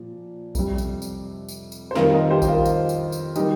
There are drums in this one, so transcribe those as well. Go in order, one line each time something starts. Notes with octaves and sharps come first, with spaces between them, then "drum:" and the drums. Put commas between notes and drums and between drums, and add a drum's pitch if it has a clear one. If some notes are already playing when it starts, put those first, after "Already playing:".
Already playing: A#2 F3
F2 C3 G3, drum: kick A#1, tambourine
drum: tambourine
drum: tambourine
drum: tambourine
drum: tambourine
C5
F2 D#3 G3 F4 A#4, drum: snare
A#4 D#5
G4 C5
G4, drum: kick A#1, tambourine
F4 A#4
drum: tambourine
drum: tambourine
drum: tambourine
D#3 G3 D#4 G4, drum: tambourine